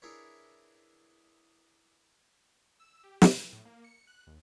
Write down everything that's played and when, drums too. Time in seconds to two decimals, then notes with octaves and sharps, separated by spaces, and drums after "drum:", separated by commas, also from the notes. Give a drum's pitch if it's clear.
0.02 D4 E4 G#4 A#4 B4 C#5
2.80 E6
3.04 G4
3.22 B2, drum: snare
3.37 E3
3.53 A2
3.65 A#3
3.84 C#7
4.07 F#6
4.27 D#2